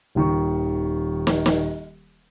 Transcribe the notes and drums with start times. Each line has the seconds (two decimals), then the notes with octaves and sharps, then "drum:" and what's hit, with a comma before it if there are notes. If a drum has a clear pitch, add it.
0.15 D#1 D#3 C#6
1.27 drum: snare
1.46 drum: snare